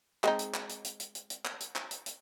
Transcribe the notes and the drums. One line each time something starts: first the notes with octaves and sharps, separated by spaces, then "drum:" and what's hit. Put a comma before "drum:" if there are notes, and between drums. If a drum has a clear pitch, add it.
G#3 C4 D#4, drum: clap
drum: hi-hat
drum: clap
drum: hi-hat
drum: hi-hat
drum: hi-hat
drum: hi-hat
drum: hi-hat
drum: clap
drum: hi-hat
drum: clap
drum: hi-hat
drum: hi-hat